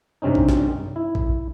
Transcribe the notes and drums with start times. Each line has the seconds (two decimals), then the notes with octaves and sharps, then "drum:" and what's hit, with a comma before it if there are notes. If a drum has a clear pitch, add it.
0.22 G2 C3 C4 C#4 D#4
0.35 drum: kick A#1
0.49 drum: snare
0.96 E4
1.15 drum: kick A#1